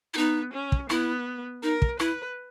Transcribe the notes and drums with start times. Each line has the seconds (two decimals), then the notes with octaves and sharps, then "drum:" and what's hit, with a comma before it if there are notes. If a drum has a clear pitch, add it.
0.14 E4
0.17 B3 D#4
0.54 C#4
0.72 drum: kick
0.90 B3 E4, drum: rim click
1.63 D#4 A#4
1.82 drum: kick
2.00 E4 B4, drum: rim click